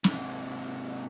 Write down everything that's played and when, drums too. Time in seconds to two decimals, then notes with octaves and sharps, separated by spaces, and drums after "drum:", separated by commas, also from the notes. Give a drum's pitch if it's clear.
0.04 G#2 C3, drum: snare